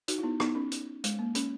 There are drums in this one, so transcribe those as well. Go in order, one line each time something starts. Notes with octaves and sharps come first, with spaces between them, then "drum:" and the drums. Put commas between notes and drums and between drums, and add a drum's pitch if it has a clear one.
D#4 F#4, drum: hi-hat
E4
B3 D#4
B3 D#4, drum: rim click
C#4
drum: hi-hat
G#3, drum: hi-hat
A#3
C#4, drum: hi-hat